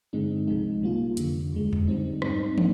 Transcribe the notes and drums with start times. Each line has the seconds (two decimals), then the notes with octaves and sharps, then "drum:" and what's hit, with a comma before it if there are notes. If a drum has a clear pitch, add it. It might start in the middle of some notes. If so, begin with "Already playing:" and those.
0.13 G2 D3 G#3 C4 D#4
0.47 C2 C3 F3 G#3 D#4
0.82 C3 G3 A#3 F4
1.17 F2 D3 G3, drum: hi-hat
1.52 D#2 D3 G#3
1.73 drum: tom E2
1.88 D3 G3 C4 D#4
2.22 G#2 G3 C4 D#4, drum: rim click
2.58 A#3 D4, drum: tom